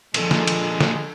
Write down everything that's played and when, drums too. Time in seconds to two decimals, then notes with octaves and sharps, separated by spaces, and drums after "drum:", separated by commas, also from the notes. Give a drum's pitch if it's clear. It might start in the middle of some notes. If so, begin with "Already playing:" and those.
0.14 A#2 D3 D#3 F3 G#3 D4 A4, drum: cymbal
0.31 drum: snare
0.47 drum: cymbal
0.81 drum: snare